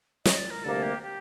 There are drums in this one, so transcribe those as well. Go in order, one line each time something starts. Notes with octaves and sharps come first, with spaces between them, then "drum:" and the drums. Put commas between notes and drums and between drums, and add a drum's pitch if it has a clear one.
D#5, drum: snare
D5
A#4
D2 C3 G3 A#3 A4
G4
G4